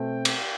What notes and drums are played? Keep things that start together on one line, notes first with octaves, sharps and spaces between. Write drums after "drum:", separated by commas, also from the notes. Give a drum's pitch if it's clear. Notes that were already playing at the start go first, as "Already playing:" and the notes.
Already playing: B2 A3 C4 G5
drum: cymbal